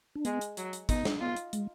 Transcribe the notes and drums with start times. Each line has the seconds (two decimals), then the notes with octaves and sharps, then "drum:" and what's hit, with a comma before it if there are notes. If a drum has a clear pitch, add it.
0.16 D4
0.25 G#3 B3, drum: hi-hat
0.41 drum: hi-hat
0.57 F#3, drum: hi-hat
0.73 drum: hi-hat
0.89 B3 D#4, drum: kick, hi-hat
1.05 D4, drum: snare
1.21 B3 F4
1.36 drum: hi-hat
1.53 G#3, drum: hi-hat